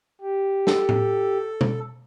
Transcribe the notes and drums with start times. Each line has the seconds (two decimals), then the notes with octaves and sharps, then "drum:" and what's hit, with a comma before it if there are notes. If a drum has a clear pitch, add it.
0.22 G4
0.67 A4, drum: snare
0.89 drum: tom A2
1.61 drum: tom B2